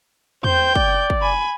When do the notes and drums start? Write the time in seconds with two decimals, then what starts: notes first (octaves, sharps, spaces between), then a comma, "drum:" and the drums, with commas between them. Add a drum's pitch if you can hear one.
0.44 C5 G5 G6, drum: tom E2
0.75 D5, drum: kick
1.10 drum: kick
1.21 G#5 B5